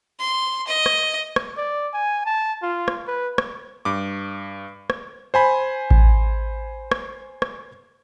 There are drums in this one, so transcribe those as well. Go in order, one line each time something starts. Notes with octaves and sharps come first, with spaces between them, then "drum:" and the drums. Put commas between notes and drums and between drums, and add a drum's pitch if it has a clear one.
C6
D#5
drum: rim click
drum: rim click
D5
G#5
A5
F4
drum: rim click
B4
drum: rim click
G2 D6
drum: rim click
C5 G#5 B5
drum: kick A1
drum: rim click
drum: rim click